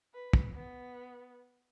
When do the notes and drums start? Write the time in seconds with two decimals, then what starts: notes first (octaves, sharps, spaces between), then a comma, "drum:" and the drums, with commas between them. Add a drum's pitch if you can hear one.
0.14 B4
0.33 drum: kick
0.54 B3